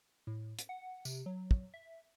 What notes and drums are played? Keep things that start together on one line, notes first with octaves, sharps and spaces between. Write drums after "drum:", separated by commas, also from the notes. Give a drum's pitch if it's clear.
A2
drum: hi-hat
F#5
C3, drum: tambourine
F#3
drum: kick
E5